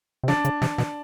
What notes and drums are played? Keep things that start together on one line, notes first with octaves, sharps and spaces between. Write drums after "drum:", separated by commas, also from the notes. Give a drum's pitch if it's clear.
C3
C#3 D4, drum: snare
C#3, drum: hi-hat
C3, drum: snare
B2, drum: snare